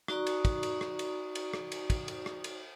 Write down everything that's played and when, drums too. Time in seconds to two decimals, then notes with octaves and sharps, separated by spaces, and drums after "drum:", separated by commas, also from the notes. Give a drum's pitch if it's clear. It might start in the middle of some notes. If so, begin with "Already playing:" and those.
0.08 D#4 F#4 D5 A#5 C#6 D#6, drum: rim click
0.27 drum: cymbal
0.45 drum: kick, cymbal
0.63 drum: cymbal
0.81 drum: rim click
0.99 drum: cymbal
1.35 drum: cymbal
1.54 drum: rim click
1.72 drum: cymbal
1.90 drum: kick, cymbal
2.08 drum: cymbal
2.26 drum: rim click
2.44 drum: cymbal